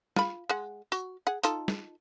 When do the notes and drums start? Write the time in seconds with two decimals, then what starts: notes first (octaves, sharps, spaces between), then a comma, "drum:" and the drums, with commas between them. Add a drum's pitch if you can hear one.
0.16 F4 B5, drum: snare
0.49 G#3 F#5
0.92 F#4, drum: tambourine
1.27 G#4 F#5
1.43 D#4 F4 A4, drum: hi-hat
1.68 drum: snare